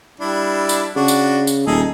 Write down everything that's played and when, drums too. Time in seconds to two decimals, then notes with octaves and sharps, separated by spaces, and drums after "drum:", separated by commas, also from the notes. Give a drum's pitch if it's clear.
0.20 G3 D4 E4
0.69 drum: tambourine
0.96 C#3 D4 F#4
1.08 drum: tambourine
1.47 drum: tambourine
1.67 D#1 D#4 G#4 A4